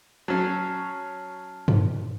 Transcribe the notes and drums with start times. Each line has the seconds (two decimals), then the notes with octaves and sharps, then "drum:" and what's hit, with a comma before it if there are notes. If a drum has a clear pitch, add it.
0.28 F#3 C#4 A5 F6 C7
1.68 drum: tom G2